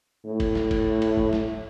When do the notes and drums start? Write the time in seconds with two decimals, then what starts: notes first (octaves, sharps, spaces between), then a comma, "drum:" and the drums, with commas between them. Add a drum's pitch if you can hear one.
0.25 A2
0.40 drum: kick, cymbal
0.55 drum: snare G3
0.71 drum: kick, cymbal
1.02 drum: cymbal
1.17 drum: kick
1.33 drum: snare G3